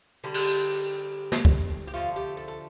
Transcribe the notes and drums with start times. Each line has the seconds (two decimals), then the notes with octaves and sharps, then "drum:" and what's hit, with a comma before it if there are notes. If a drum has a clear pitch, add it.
0.24 D3 G3 G4
0.34 drum: cymbal
1.32 drum: snare
1.45 drum: kick
1.87 G4
1.94 D3 F3 A3 F4
2.16 G4
2.37 A4
2.48 A4